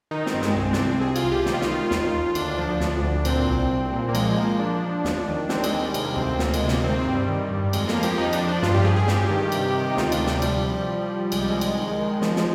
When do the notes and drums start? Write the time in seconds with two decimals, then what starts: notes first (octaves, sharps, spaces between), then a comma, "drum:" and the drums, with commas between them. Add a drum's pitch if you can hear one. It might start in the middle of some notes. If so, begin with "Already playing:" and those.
0.11 D#3 D#4
0.26 C4, drum: snare
0.34 G2
0.42 G#3, drum: snare
0.56 C2 C4
0.73 D4, drum: snare
0.78 C2 C4
1.01 C3 G#4
1.16 F4, drum: cymbal
1.23 C2
1.32 G4
1.46 D#3 G4, drum: snare
1.54 F4
1.61 D#4, drum: snare
1.68 D#3 F4
1.91 D#2, drum: snare
2.13 D#2
2.35 D2 D4, drum: cymbal
2.58 F3
2.80 D2, drum: snare
3.02 D2
3.25 A#2 C4, drum: cymbal
3.48 C2
3.70 C2
3.93 A#2
4.09 A#3
4.15 F3 G#3, drum: cymbal
4.37 F3 A#3
4.59 F3 D4
4.82 F3
5.05 D#2, drum: snare
5.27 D#3
5.49 D#2 C4, drum: snare
5.64 G#3, drum: cymbal
5.72 D#3
5.80 G3
5.94 C3 G#3, drum: cymbal
6.05 A#3
6.16 D2 C4
6.28 C4
6.39 D2 A#3, drum: snare
6.54 G#3, drum: cymbal
6.61 C3
6.68 A#3, drum: snare
6.83 D#3 C4
6.99 C4
7.06 G2
7.14 G3
7.28 D#3
7.51 G2
7.73 F2 G#3, drum: cymbal
7.88 A#3, drum: snare
7.96 F3
8.03 G4, drum: cymbal
8.18 F2 D#4
8.33 D4, drum: cymbal
8.41 F3
8.48 D4
8.62 G2 F4, drum: snare
8.74 G4
8.85 G2 G#4
8.96 G#4
9.08 G2 G4, drum: snare
9.30 D#3
9.52 C3, drum: cymbal
9.75 D#3
9.90 D#4
9.97 D2 F4, drum: snare
10.12 D4, drum: cymbal
10.20 C3
10.26 G3, drum: snare
10.42 F3, drum: cymbal
10.65 F3
10.87 F3
11.09 F3
11.32 C2 G#3, drum: cymbal
11.41 G3
11.50 C2 G#3
11.61 drum: cymbal
11.76 D#3
11.99 D#3
12.22 F3, drum: snare
12.36 drum: snare